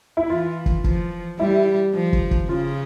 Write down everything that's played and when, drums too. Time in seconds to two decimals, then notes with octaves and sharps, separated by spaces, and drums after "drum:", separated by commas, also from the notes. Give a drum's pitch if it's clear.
0.17 E4
0.29 E3 F4
0.66 drum: kick
0.84 F3, drum: kick
1.39 G3 E4
1.94 F3
2.13 drum: kick
2.31 drum: kick
2.49 C#3 F4